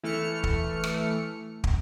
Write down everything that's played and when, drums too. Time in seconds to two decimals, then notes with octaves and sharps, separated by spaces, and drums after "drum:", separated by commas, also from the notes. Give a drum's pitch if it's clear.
0.03 E3 A3 F6 C#7
0.44 drum: kick
0.84 drum: rim click
1.64 drum: kick